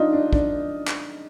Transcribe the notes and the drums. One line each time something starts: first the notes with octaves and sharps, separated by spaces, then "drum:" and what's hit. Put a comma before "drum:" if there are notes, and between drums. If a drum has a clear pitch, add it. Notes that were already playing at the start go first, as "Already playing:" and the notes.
Already playing: D4 D#4 F4
D4
D4, drum: kick
drum: clap